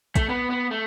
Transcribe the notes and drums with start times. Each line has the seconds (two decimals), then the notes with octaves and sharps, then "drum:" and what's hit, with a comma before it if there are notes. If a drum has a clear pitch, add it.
0.16 A3, drum: kick, hi-hat
0.29 B3
0.50 B3
0.71 A3